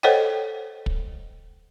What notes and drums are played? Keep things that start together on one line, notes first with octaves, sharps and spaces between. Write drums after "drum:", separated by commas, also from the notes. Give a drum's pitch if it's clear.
A4 C5 C#5 D#5 F#5 G5
drum: kick